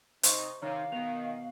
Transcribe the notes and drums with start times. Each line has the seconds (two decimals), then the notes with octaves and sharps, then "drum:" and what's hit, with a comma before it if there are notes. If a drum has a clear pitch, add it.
0.23 C3 D#4 C5 C6 C#6, drum: hi-hat
0.62 C3 D#3 C#5 F5 A#5 F6
0.92 B2 D#3 B3 F7